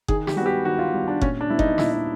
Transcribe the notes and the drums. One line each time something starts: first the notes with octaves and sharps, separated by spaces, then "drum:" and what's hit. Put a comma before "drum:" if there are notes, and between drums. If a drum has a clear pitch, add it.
D#3 G#4, drum: kick F#1
G4, drum: snare
G3 B3 F#4
G4
D#3 F#4
F4
G3 B3
D4
A#2 C#4, drum: kick F#1
D4
G3 B3 E4
D#4, drum: kick F#1
A#2 E4, drum: snare
D#4